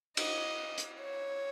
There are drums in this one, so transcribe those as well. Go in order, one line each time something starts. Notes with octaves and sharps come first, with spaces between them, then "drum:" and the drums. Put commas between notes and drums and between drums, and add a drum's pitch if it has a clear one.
D#5, drum: cymbal
drum: hi-hat
C#5